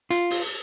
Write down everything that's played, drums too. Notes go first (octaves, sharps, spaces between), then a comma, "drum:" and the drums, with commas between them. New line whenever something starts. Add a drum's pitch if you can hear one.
F4, drum: hi-hat
drum: open hi-hat